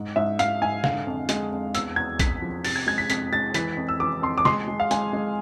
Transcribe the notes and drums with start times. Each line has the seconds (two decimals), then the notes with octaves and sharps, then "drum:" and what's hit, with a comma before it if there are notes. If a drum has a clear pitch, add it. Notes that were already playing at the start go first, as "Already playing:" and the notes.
Already playing: G#2
0.16 G#2 E5
0.39 G#2 F5, drum: hi-hat
0.61 G#2 G#5
0.84 D3 F5, drum: snare
1.07 F2
1.29 G#3, drum: hi-hat
1.51 F2
1.75 E2 E6, drum: hi-hat
1.96 E2 G#6
2.19 E2 B6, drum: kick, hi-hat
2.42 F3
2.64 C3 A6, drum: open hi-hat
2.76 G#6
2.87 G#3 G#6
2.98 B6
3.10 F2 B6, drum: hi-hat
3.32 G#3 A6
3.54 E3 B6, drum: hi-hat
3.77 F2
3.89 E6
4.00 E3 D6
4.22 F2 C6
4.38 D6
4.45 G#3 C6, drum: snare
4.68 G#3
4.80 F5
4.91 G#3 G#5, drum: hi-hat
5.13 G#3